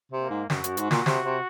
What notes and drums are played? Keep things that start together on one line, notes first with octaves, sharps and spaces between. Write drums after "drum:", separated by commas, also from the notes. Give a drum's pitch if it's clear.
C3
A#3
G#2
F#2 F#4, drum: snare
F#2, drum: hi-hat
G#2, drum: hi-hat
A#2, drum: snare
C3, drum: snare
C3